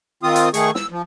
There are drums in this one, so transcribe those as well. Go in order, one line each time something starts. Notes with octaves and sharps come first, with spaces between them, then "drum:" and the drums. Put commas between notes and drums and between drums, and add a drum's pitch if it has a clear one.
D#3 C4 F4 D#6
drum: hi-hat
D#3 A3 G#4 C#6, drum: hi-hat
E6, drum: snare
F3